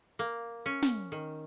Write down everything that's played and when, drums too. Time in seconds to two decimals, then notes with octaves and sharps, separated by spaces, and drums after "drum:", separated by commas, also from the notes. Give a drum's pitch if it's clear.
0.19 A#3
0.66 C#4
0.82 drum: snare
1.12 D#3